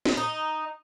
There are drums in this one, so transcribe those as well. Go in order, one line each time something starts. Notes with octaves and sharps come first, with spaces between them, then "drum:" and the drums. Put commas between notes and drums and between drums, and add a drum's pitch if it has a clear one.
drum: snare
D#4